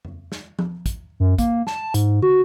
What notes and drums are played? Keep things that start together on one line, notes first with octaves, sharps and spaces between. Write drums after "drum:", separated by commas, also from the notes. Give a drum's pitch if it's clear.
drum: tom F2
drum: snare
drum: tom F3
drum: kick, hi-hat
F#2
A#3, drum: kick, hi-hat
A5, drum: snare
G#2, drum: hi-hat
F#4, drum: tom